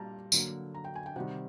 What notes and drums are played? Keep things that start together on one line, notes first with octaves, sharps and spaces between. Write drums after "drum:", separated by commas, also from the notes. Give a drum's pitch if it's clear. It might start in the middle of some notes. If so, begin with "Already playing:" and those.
Already playing: A#2 G3 A5 A#5
D3 F#3 A#3, drum: tambourine
A#5
G5
G#5
G5
C3 D#3 G3 F#5